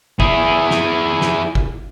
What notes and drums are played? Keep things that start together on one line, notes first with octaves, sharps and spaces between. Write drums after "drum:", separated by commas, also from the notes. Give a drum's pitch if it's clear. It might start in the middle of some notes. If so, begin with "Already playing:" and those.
E4 G#4, drum: kick
drum: snare
drum: snare
drum: kick